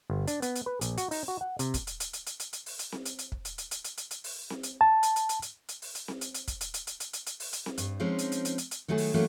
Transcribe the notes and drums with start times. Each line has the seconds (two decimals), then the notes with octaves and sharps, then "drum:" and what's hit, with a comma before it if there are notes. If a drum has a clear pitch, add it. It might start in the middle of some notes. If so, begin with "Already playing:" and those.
0.10 G1
0.28 D4, drum: hi-hat
0.42 B3, drum: hi-hat
0.56 drum: hi-hat
0.66 B4
0.81 A#1, drum: hi-hat
0.98 F#4, drum: hi-hat
1.11 D#4, drum: open hi-hat
1.28 F#4
1.41 F#5
1.59 C3, drum: hi-hat
1.74 drum: kick, hi-hat
1.87 drum: hi-hat
2.00 drum: hi-hat
2.13 drum: hi-hat
2.27 drum: hi-hat
2.40 drum: hi-hat
2.53 drum: hi-hat
2.66 drum: open hi-hat
2.79 drum: hi-hat
2.92 drum: snare C4
3.06 drum: hi-hat
3.19 drum: hi-hat
3.32 drum: kick
3.45 drum: hi-hat
3.58 drum: hi-hat
3.71 drum: hi-hat
3.84 drum: hi-hat
3.98 drum: hi-hat
4.11 drum: hi-hat
4.24 drum: open hi-hat
4.50 drum: snare C4
4.63 drum: hi-hat
4.81 A5
5.03 drum: hi-hat
5.16 drum: hi-hat
5.29 drum: hi-hat
5.42 drum: hi-hat
5.69 drum: hi-hat
5.82 drum: open hi-hat
5.95 drum: hi-hat
6.08 drum: snare C4
6.21 drum: hi-hat
6.34 drum: hi-hat
6.48 drum: kick, hi-hat
6.61 drum: hi-hat
6.74 drum: hi-hat
6.87 drum: hi-hat
7.00 drum: hi-hat
7.13 drum: hi-hat
7.27 drum: hi-hat
7.40 drum: open hi-hat
7.53 drum: hi-hat
7.66 drum: snare C4
7.78 G2, drum: hi-hat
8.00 F3 G#3 C4 C#4 D#4
8.19 drum: hi-hat
8.32 drum: hi-hat
8.45 drum: hi-hat
8.58 drum: hi-hat
8.71 drum: hi-hat
8.88 D#3 F#3 A3 E4 G#4
8.98 drum: open hi-hat
9.14 E3 F#3 A3 A#3 C#4